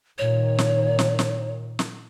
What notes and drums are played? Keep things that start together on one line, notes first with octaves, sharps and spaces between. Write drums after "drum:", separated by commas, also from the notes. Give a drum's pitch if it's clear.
A#2 D#3 C#5
drum: snare
drum: snare
drum: snare
drum: snare